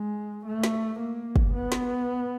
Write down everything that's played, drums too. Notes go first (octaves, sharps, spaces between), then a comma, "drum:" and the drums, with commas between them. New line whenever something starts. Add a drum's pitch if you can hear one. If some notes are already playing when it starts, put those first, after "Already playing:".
Already playing: G#3
A3
drum: snare
A#3
drum: kick
B3
drum: snare